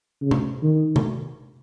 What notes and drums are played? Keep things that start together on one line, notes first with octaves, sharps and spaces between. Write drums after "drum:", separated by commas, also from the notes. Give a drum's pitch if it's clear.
C#3
drum: tom C3
D#3
drum: tom C3